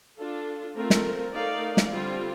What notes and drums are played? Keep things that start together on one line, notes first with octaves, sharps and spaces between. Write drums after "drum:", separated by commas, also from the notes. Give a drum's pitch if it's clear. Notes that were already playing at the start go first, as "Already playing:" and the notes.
D4 F4 A4
A3 C4 F4 A#4
drum: snare
A3 D#4 A#4 D5 F5
drum: snare
D3 G3 C4 F4